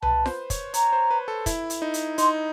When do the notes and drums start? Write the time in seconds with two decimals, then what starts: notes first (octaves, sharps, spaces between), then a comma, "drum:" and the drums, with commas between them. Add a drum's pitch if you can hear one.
0.02 B4 A5, drum: tom C2
0.26 C5, drum: snare F4
0.50 C#5, drum: kick, hi-hat
0.74 C#5 A#5, drum: hi-hat
0.93 C5
1.11 B4
1.28 A4
1.46 E4, drum: kick, hi-hat
1.70 drum: hi-hat
1.82 D#4
1.94 drum: hi-hat
2.18 D#4 C6, drum: hi-hat